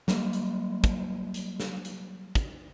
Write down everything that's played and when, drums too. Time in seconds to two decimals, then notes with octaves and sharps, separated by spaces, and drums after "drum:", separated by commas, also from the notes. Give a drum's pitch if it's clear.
0.08 F#3 G3 A#3, drum: snare
0.33 drum: hi-hat
0.84 drum: kick, hi-hat
1.34 drum: hi-hat
1.60 drum: snare
1.85 drum: hi-hat
2.35 drum: kick, hi-hat